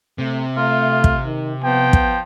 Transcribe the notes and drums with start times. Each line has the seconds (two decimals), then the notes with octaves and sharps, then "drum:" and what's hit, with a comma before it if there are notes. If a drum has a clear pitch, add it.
0.18 C3 A3
0.57 A3 F4
1.04 drum: kick
1.25 D#3
1.63 F3 B3 G5
1.93 drum: kick